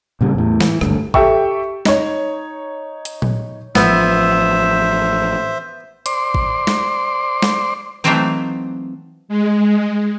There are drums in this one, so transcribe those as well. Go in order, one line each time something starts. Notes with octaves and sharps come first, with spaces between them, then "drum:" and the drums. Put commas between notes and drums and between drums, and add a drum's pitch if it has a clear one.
A#2 C#3 G3
E2 A2
E3, drum: snare
G#1 D2 G2 D3, drum: rim click
G4 A4 E5 G5 C#6, drum: kick
D#4 C#5, drum: snare
drum: hi-hat
drum: tom A#2
A1 F3 B3 C5 E5 E6, drum: snare
C5 D5 C6, drum: hi-hat
drum: kick
drum: snare
drum: snare
E3 F#3 A3 A#3 C4 D#4
G#3